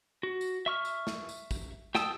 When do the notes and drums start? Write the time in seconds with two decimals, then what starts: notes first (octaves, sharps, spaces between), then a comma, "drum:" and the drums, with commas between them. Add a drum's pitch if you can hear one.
0.23 F#4
0.41 drum: tambourine
0.66 E5 C#6 F6
0.85 drum: tambourine
1.07 drum: snare
1.29 drum: tambourine
1.51 drum: kick, tambourine
1.95 G4 G5 A5 D#6 E6, drum: snare